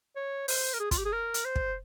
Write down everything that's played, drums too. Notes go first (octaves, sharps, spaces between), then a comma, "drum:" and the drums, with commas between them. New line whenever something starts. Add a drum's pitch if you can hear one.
C#5
C5, drum: open hi-hat
A#4
G#4
F4, drum: kick, hi-hat
G4
G#4
A#4
drum: hi-hat
C5
drum: kick